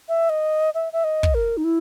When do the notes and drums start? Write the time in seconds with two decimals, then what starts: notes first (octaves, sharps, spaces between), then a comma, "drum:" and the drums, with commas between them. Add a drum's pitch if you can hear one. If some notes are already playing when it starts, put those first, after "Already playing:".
0.09 E5
0.29 D#5
0.74 E5
0.93 E5
1.04 D#5
1.23 drum: kick
1.35 A#4
1.57 D#4
1.64 E4